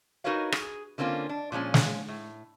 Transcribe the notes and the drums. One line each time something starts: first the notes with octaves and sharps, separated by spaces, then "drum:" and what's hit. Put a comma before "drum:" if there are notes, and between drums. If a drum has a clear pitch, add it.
D#4 F#4 A#4 B4 C#5 F5
G#4, drum: rim click
D3 A#3 C4 C#4 F4
D4
A#2 F3 G#3 C#4
drum: snare
A2